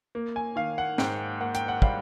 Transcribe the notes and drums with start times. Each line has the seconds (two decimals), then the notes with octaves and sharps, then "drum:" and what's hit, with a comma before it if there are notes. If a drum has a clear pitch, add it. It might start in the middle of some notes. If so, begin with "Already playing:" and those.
0.15 A#3
0.36 G#5
0.56 D#3 F5
0.78 F#5
0.98 G#2 G5, drum: snare
1.41 A#3 F#5
1.55 G5, drum: hi-hat
1.68 F#5
1.82 G3 F5, drum: kick